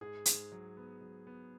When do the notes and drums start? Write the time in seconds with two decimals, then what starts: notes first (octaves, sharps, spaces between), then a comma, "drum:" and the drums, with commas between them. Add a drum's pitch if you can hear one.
0.01 G#2 G#4
0.26 G#2, drum: hi-hat
0.52 F#3
0.77 B3
1.01 F#3
1.27 B3